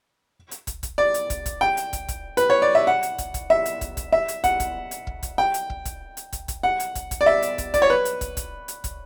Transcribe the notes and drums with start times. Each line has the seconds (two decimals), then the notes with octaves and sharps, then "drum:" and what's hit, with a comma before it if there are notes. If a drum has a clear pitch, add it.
0.51 drum: hi-hat
0.67 drum: kick, hi-hat
0.83 drum: kick, hi-hat
0.98 D5
1.14 drum: hi-hat
1.30 drum: kick, hi-hat
1.46 drum: kick, hi-hat
1.61 G5
1.77 drum: hi-hat
1.93 drum: kick, hi-hat
2.08 drum: kick, hi-hat
2.37 B4, drum: hi-hat
2.50 C#5
2.62 D5
2.75 E5
2.87 F#5
3.03 drum: hi-hat
3.18 drum: kick, hi-hat
3.34 drum: kick, hi-hat
3.50 E5
3.66 drum: hi-hat
3.81 drum: kick, hi-hat
3.97 drum: kick, hi-hat
4.12 E5
4.28 drum: hi-hat
4.44 F#5, drum: kick, hi-hat
4.60 drum: kick, hi-hat
4.91 drum: hi-hat
5.07 drum: kick
5.23 drum: kick, hi-hat
5.38 G5
5.54 drum: hi-hat
5.70 drum: kick
5.85 drum: kick, hi-hat
6.17 drum: hi-hat
6.33 drum: kick, hi-hat
6.48 drum: kick, hi-hat
6.63 F#5
6.80 drum: hi-hat
6.95 drum: kick, hi-hat
7.11 drum: kick, hi-hat
7.21 D5
7.26 E5
7.42 drum: hi-hat
7.58 drum: kick, hi-hat
7.74 D5, drum: kick, hi-hat
7.82 C#5
7.90 B4
8.05 drum: hi-hat
8.21 drum: kick, hi-hat
8.37 drum: kick, hi-hat
8.68 drum: hi-hat
8.84 drum: kick, hi-hat